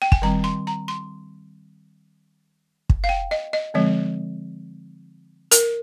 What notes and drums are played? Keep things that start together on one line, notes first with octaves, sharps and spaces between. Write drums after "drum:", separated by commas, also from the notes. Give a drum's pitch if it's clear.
G5
G#5, drum: kick
D#3 G3 C4 A#5
C6
A#5
C6
drum: kick
F5
G5
D#5
D#5
D3 F3 G#3 C4
A#4, drum: hi-hat